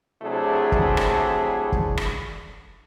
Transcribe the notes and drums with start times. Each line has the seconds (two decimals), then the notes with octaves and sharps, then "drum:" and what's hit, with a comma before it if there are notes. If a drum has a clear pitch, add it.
0.22 C3 F#3 A3 D4 E4 G#4
0.72 drum: kick
0.97 drum: rim click
1.72 drum: kick
1.97 drum: rim click